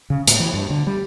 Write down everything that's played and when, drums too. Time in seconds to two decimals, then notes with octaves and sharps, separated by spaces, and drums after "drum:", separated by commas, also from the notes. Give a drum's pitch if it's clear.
0.10 C#3
0.27 A2, drum: hi-hat
0.40 E3
0.54 G2
0.70 D3
0.87 G3